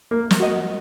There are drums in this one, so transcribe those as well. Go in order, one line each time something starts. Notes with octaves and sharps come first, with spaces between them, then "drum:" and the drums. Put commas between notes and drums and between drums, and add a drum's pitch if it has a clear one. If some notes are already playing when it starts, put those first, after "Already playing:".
A#3
drum: snare
F#4 D#5